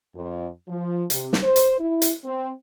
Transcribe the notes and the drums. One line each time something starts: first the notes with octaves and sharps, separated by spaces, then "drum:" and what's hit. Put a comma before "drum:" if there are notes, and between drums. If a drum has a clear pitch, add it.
F2
F3
C3, drum: hi-hat
drum: snare
C5
drum: hi-hat
E4
drum: hi-hat
C4